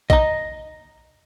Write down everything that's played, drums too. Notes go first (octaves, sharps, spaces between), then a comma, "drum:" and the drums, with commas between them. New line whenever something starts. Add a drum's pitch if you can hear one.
D#5 A#5, drum: kick A#1